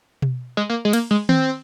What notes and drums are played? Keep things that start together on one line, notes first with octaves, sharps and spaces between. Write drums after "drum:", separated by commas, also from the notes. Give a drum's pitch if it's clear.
drum: tom B2
G#3
A#3
G#3
A#3, drum: cymbal
G#3
C4, drum: tom D#3